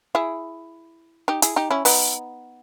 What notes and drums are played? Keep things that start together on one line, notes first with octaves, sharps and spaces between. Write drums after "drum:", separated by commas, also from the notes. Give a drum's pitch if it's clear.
E4 G#4
D#4 G4
E4 G#4, drum: hi-hat
D#4 G4
C#4 E4
B3 D#4, drum: open hi-hat